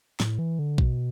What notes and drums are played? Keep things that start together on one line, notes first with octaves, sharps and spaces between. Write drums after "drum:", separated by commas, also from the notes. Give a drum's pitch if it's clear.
A2, drum: snare
E3
D3
B2, drum: kick A#1